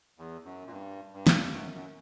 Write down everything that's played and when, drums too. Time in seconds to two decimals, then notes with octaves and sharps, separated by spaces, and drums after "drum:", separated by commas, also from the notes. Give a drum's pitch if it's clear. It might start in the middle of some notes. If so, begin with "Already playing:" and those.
0.18 E2
0.45 F#2
0.67 A#2
0.72 G2
1.13 G2
1.27 drum: snare
1.54 F#2
1.74 F#2